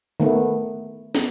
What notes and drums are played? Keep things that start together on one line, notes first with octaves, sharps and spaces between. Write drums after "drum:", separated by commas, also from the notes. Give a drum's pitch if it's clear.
D#3 A3 B3
drum: snare